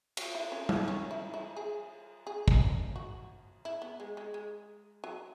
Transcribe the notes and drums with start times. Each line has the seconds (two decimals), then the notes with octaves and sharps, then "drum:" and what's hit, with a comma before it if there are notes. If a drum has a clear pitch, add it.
0.17 F#4, drum: cymbal
0.35 E4
0.52 C#4
0.69 B3, drum: tom G3
0.88 C#4
1.11 E4
1.34 E4
1.57 G#4
2.27 G#4
2.48 drum: kick
2.96 F#4
3.65 E4
3.82 B3
4.00 G#3
4.17 G#3
4.34 G#3
5.04 F#3